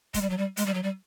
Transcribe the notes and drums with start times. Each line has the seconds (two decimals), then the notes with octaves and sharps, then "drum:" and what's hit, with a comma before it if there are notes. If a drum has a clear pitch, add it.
0.14 G#3, drum: kick, hi-hat
0.21 G3
0.30 F#3
0.38 G3
0.57 G#3, drum: hi-hat
0.66 G3
0.74 F#3
0.83 G3